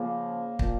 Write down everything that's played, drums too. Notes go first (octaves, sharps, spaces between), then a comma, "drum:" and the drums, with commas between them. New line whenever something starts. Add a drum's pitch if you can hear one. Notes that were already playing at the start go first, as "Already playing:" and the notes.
Already playing: C#3 F3 A#3
A#2 F3, drum: kick